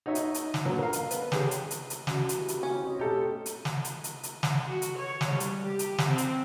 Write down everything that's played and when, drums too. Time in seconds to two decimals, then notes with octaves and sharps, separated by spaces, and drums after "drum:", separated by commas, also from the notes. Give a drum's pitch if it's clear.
0.06 D#4 F#4 C#5 E5
0.15 drum: hi-hat
0.34 drum: hi-hat
0.54 drum: snare
0.65 A#2 D3 F#3
0.79 A#4 F5
0.93 drum: hi-hat
1.11 B3, drum: hi-hat
1.32 C#4 G4 G#4, drum: snare
1.51 drum: hi-hat
1.71 drum: hi-hat
1.90 drum: hi-hat
2.07 C#3 F#4 D5, drum: snare
2.29 drum: hi-hat
2.38 E4 G4 B4
2.48 drum: hi-hat
2.63 C#4
2.83 C4 C5 D#5
2.99 B2 A3 G4 A4
3.46 drum: hi-hat
3.65 drum: snare
3.85 drum: hi-hat
4.04 drum: hi-hat
4.23 drum: hi-hat
4.43 drum: snare
4.66 F#4
4.82 drum: hi-hat
4.97 C#5
5.21 drum: snare
5.31 G3
5.40 drum: hi-hat
5.65 G4
5.79 drum: hi-hat
5.98 drum: snare
6.09 C4
6.18 drum: hi-hat